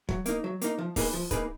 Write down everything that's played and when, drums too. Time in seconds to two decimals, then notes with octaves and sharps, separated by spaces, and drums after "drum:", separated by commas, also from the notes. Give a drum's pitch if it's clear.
0.09 F#3, drum: kick
0.26 A#3 D#4, drum: hi-hat
0.44 F#3
0.62 A#3 D#4, drum: hi-hat
0.78 F3
0.96 A#3 D#4 G#4 B4, drum: kick, open hi-hat
1.13 F3
1.31 A#3 D#4 G#4 B4, drum: kick, hi-hat